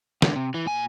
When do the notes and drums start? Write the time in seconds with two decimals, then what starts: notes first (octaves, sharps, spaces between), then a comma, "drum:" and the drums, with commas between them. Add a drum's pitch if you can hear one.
0.22 C#2 D3, drum: snare
0.36 C3
0.54 E3
0.66 A#2 G#5